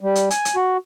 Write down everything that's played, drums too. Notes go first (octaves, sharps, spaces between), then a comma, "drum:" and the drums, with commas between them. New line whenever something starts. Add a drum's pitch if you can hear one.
G3
drum: hi-hat
G#5, drum: hi-hat
drum: hi-hat
F#4